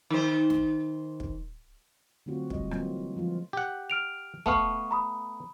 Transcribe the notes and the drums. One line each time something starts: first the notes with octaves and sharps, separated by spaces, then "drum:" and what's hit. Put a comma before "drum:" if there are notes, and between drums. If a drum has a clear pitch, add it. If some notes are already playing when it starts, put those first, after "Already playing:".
D#3 C5
drum: snare
drum: kick
D3 F#3 A3 C4 F4 F#4
G3 D#5, drum: kick
E3 F#3 G3 A#3 C4 F4, drum: rim click
F3 G#3 F4
G4 F#5
F6 D7 F7
A3 B3 F5 A5 C#6, drum: kick
A#5 B5 D#6